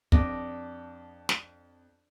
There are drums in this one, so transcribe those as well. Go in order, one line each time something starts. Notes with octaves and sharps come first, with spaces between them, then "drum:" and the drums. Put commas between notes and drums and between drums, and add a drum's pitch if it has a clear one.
F2 D4 D#5, drum: kick
drum: snare